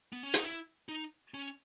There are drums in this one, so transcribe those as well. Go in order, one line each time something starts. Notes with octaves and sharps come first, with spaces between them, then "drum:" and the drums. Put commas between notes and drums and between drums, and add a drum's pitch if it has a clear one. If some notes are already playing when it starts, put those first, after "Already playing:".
B3
C#4
D#4, drum: hi-hat
E4
D#4
C#4